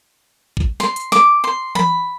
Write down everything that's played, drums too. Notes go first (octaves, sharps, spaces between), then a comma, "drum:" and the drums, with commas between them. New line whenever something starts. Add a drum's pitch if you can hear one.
drum: kick
C6, drum: snare
drum: hi-hat
D6, drum: snare
C6
B5, drum: tom E3